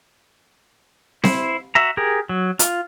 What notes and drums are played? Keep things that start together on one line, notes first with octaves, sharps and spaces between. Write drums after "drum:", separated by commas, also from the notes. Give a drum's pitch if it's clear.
E4 C5, drum: snare C4
F#4 E5 A#5
G4 G#4 A#4
F#3
F4, drum: hi-hat